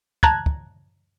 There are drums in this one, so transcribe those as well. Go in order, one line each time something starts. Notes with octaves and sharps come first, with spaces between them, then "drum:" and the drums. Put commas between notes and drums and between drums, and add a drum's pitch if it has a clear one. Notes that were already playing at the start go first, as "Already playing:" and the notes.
A5 A#5 F#6 G#6, drum: kick
drum: kick